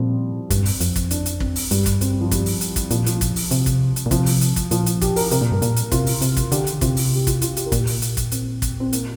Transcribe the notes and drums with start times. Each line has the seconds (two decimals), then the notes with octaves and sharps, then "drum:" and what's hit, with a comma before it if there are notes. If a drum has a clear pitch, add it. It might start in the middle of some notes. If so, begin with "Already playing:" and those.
Already playing: A#2 F3 G3 C4
0.50 G2, drum: kick, hi-hat
0.66 drum: open hi-hat
0.80 F2, drum: hi-hat
0.96 drum: kick, hi-hat
1.11 D4, drum: hi-hat
1.26 drum: hi-hat
1.40 C4, drum: kick
1.56 drum: open hi-hat
1.71 G2 G3, drum: hi-hat
1.86 drum: kick, hi-hat
2.01 C4, drum: hi-hat
2.21 F3
2.31 G3, drum: kick, hi-hat
2.46 drum: open hi-hat
2.61 drum: hi-hat
2.76 drum: kick, hi-hat
2.91 A#2 F3, drum: hi-hat
3.06 F3, drum: hi-hat
3.21 drum: kick, hi-hat
3.36 drum: open hi-hat
3.51 C3, drum: hi-hat
3.66 drum: kick, hi-hat
3.96 drum: hi-hat
4.06 A#2
4.11 C3 F3, drum: kick, hi-hat
4.26 drum: open hi-hat
4.41 drum: hi-hat
4.56 drum: kick, hi-hat
4.71 A#2 F3, drum: hi-hat
4.86 drum: hi-hat
5.01 G4, drum: kick, hi-hat
5.16 A#4, drum: open hi-hat
5.31 C3 A#4, drum: hi-hat
5.41 A#2
5.52 G2
5.62 A#2, drum: hi-hat
5.76 drum: hi-hat
5.92 C3 F4, drum: kick, hi-hat
6.06 drum: open hi-hat
6.22 C3, drum: hi-hat
6.37 drum: kick, hi-hat
6.52 D3 G4, drum: hi-hat
6.67 drum: hi-hat
6.81 C3 F4, drum: kick, hi-hat
6.97 drum: open hi-hat
7.15 G4
7.27 F4, drum: kick, hi-hat
7.42 F4, drum: hi-hat
7.57 G4, drum: hi-hat
7.66 A#4
7.72 A#2 G4, drum: kick, hi-hat
7.87 drum: open hi-hat
8.02 drum: hi-hat
8.17 drum: kick, hi-hat
8.32 C4, drum: hi-hat
8.62 drum: kick, hi-hat
8.80 C4
8.93 A#3, drum: hi-hat